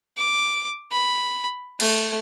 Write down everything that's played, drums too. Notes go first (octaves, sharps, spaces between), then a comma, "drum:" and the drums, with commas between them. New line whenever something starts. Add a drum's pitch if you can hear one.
D6
B5
A3, drum: cymbal